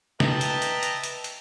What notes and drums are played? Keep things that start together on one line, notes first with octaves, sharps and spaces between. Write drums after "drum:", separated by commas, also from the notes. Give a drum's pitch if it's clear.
B4 D#5 E5 G5 A5 A#5, drum: snare
drum: hi-hat
drum: hi-hat
drum: hi-hat
drum: hi-hat
drum: hi-hat